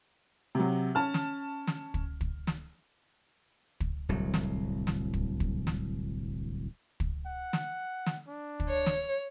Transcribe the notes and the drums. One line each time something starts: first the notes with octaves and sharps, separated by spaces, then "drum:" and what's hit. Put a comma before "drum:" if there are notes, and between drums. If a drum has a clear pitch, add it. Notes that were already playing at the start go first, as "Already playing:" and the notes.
C3 F#3
C#4 A5 F6
drum: snare
drum: snare
drum: kick
drum: kick
drum: snare
drum: kick
D1 C2 F#3
drum: snare
drum: snare
drum: kick
drum: kick
drum: snare
drum: kick
F#5
drum: snare
drum: snare
D4
drum: kick
C#5
drum: snare